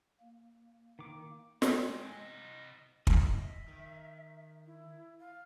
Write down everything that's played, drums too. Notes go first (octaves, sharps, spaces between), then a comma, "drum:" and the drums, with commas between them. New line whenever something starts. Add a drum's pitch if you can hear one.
A#3
D#3 D6
G#3 C4, drum: snare
C3 D#5
D#5, drum: kick
E5
D#3
E4
F5